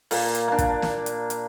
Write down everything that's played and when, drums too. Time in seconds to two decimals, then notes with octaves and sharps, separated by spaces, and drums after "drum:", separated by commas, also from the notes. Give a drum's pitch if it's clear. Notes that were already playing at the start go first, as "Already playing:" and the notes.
0.11 A#2 A#3, drum: open hi-hat
0.35 drum: hi-hat
0.48 A#3 D4
0.58 drum: kick, hi-hat
0.82 drum: snare
1.06 drum: hi-hat
1.30 drum: hi-hat